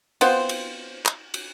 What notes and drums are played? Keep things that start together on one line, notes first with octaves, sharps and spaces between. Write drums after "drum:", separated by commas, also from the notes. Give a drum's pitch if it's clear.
B3 C4 F4 C5, drum: cymbal
drum: cymbal
drum: clap
drum: cymbal